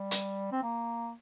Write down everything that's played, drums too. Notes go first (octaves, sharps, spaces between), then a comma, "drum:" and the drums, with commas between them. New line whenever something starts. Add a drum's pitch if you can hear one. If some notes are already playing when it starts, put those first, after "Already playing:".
Already playing: G3
drum: hi-hat
C4
A#3